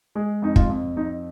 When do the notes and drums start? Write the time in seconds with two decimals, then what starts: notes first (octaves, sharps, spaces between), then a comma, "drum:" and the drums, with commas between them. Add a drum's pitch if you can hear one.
0.15 G#3 G#4
0.42 F2 D#4
0.56 F4, drum: kick
0.70 F2
0.96 F2 D#4